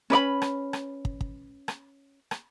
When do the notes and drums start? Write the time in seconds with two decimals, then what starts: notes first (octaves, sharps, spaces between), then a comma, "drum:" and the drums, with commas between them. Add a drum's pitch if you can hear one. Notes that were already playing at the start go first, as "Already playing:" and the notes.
0.10 C#4 B4 D5 B5
0.42 drum: rim click
0.73 drum: rim click
1.05 drum: kick
1.21 drum: kick
1.68 drum: rim click
2.31 drum: rim click